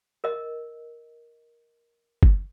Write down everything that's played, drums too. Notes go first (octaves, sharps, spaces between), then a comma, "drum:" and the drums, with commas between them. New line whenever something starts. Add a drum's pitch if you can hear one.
A#4 D#5
drum: kick